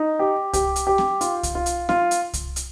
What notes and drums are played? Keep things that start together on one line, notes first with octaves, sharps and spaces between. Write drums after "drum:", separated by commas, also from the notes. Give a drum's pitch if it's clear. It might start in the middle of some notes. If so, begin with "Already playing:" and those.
Already playing: D#4
G4
G4, drum: kick C2, hi-hat
drum: hi-hat
G4
drum: snare C4
F4, drum: hi-hat
drum: kick C2, hi-hat
F4
drum: hi-hat
F4, drum: snare C4
drum: hi-hat
drum: kick C2, hi-hat
drum: hi-hat